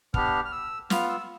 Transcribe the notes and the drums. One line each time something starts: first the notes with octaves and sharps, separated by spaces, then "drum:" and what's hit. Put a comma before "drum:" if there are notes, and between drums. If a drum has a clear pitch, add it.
B3 D4 G4 F6, drum: kick
F6
E6
B3 F4 F6, drum: snare
E6